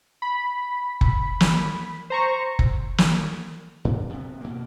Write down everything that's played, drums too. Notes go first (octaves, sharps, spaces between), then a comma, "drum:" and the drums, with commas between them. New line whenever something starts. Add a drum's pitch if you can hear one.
B5
drum: kick
drum: snare
C5 A#5 C#6
drum: kick
drum: snare
G#2 D3
C3 B3
B2 A#3